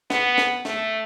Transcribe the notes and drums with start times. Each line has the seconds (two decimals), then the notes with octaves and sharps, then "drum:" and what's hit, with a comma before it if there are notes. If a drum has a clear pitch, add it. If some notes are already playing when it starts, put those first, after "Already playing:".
0.10 B3, drum: snare
0.38 drum: snare
0.65 A3, drum: snare